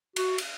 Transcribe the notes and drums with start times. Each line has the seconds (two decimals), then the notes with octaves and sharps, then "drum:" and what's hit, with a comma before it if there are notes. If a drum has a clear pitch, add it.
0.16 F#4, drum: cymbal
0.38 drum: cymbal